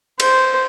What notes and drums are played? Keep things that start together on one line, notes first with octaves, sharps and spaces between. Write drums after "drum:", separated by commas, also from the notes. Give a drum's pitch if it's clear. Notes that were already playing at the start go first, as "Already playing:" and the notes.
C5, drum: cymbal